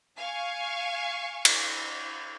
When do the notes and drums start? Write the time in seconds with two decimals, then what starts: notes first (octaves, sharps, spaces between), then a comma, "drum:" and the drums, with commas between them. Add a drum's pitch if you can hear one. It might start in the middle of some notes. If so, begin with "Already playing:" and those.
0.18 F5 G#5 C#6
1.45 drum: cymbal